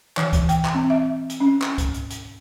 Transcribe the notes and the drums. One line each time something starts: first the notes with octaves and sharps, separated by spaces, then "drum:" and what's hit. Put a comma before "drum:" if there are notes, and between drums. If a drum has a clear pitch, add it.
E3, drum: clap
drum: kick C#2, hi-hat
G5, drum: hi-hat
drum: clap
C4
E5
drum: hi-hat
C#4
drum: clap
drum: kick C#2, hi-hat
drum: hi-hat
drum: hi-hat